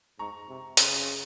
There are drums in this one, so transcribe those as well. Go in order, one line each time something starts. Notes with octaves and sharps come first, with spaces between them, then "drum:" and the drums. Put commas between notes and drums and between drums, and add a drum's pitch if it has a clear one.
G#2 A#5 C#6
C3
C#3 C6 D#6, drum: hi-hat